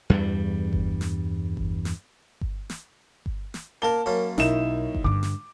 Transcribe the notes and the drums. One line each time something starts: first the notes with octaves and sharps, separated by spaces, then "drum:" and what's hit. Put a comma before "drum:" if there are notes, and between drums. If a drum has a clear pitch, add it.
E2 G2 G3
drum: kick G1
drum: snare
drum: kick G1
drum: snare
drum: kick G1
drum: snare
drum: kick G1
drum: snare
A#3 A#4 A5 G7
F#2 A#3 C#4
B1 D#4 E4 E7, drum: snare
drum: kick G1
G2 D3 D6
drum: snare